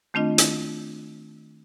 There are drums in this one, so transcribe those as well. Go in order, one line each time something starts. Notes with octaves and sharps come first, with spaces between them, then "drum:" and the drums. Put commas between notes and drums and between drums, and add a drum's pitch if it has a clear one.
D#3 A3 C4 D4 F4 D#5
drum: hi-hat